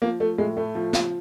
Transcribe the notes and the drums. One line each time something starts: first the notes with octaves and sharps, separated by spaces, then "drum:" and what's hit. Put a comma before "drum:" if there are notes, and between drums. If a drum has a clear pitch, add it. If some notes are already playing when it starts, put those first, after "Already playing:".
F3 A#3
F3 A3
A2 G#3
A2 A3
F3
F3, drum: snare